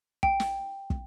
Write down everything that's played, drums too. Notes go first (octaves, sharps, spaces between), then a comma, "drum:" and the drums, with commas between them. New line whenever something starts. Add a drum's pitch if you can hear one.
G5, drum: kick
drum: snare
drum: kick